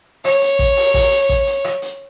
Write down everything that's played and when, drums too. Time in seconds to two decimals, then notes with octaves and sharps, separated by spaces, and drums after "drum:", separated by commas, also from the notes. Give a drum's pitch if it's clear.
0.25 C#5, drum: rim click
0.41 drum: hi-hat
0.59 drum: kick, hi-hat
0.77 drum: open hi-hat
0.94 drum: kick, open hi-hat
1.12 drum: hi-hat
1.29 drum: kick, hi-hat
1.47 drum: hi-hat
1.64 drum: rim click
1.82 drum: hi-hat